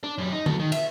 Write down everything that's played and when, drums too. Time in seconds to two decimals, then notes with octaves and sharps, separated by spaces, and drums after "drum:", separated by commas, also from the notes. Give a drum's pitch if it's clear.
0.04 D4
0.18 F#2 G3
0.32 D#4
0.46 F#3 A4, drum: tom D3
0.60 D#3
0.72 E5, drum: cymbal